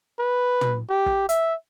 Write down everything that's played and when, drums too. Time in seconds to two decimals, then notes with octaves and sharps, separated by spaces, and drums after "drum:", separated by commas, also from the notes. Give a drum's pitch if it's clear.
0.19 B4
0.61 drum: tom
0.89 G4
1.06 drum: kick
1.29 E5, drum: hi-hat